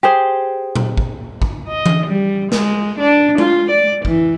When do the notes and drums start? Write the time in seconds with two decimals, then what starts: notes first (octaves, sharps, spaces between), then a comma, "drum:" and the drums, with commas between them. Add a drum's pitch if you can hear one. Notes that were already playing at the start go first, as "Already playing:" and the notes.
0.03 G4 G#4 C5
0.75 drum: tom A#2
0.98 drum: kick
1.42 drum: kick
1.68 D#5
1.86 drum: tom E3
2.06 G3
2.52 G#3, drum: snare
2.99 D4
3.38 F4, drum: tom G#3
3.70 D5
4.05 E3, drum: kick